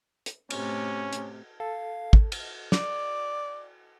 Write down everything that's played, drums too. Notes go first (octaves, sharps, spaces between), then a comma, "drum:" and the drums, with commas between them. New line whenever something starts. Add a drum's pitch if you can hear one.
drum: hi-hat
A2 C3 C#4, drum: cymbal
drum: hi-hat
A4 F5
drum: kick
drum: cymbal
D5, drum: snare